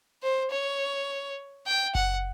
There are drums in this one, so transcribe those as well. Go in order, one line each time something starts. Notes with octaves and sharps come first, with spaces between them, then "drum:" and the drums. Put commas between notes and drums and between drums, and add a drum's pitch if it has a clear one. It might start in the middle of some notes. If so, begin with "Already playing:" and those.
C5
C#5
G5
F#5, drum: kick F#1